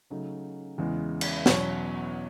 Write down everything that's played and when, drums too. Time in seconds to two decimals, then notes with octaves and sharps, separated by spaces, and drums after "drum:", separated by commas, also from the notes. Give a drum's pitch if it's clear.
0.10 C#3 F#3 A3 D#4
0.78 E2 C#3 E3 G#3
1.21 drum: cymbal
1.46 E2 B2 F#3 C#4 C#5 C#6, drum: snare